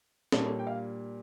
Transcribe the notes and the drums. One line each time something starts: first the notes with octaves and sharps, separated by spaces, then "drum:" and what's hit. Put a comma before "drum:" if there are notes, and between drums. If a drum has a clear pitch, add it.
A#2 G3 A#3 D4 A4 C#5, drum: snare
G5
F5